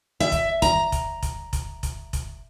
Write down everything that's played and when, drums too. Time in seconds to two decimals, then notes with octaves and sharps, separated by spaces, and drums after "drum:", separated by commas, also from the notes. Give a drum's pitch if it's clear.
0.20 E5
0.32 drum: kick F1, hi-hat
0.62 A#5, drum: kick F1, hi-hat
0.92 drum: kick F1, hi-hat
1.23 drum: kick F1, hi-hat
1.53 drum: kick F1, hi-hat
1.83 drum: kick F1, hi-hat
2.13 drum: kick F1, hi-hat